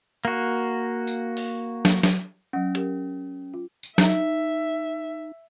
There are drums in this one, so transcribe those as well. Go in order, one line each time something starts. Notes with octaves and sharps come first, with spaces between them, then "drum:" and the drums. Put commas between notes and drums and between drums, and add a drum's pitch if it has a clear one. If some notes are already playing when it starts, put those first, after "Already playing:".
A#3 F#4
drum: tambourine
drum: open hi-hat
drum: snare
drum: snare
F#3 C#4 F#5
G4 A#4, drum: hi-hat
F4
drum: tambourine
D#4 E5, drum: snare